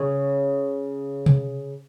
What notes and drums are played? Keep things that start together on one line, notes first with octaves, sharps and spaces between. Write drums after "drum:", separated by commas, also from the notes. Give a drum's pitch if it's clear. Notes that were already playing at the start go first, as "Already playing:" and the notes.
Already playing: C#3
drum: tom C3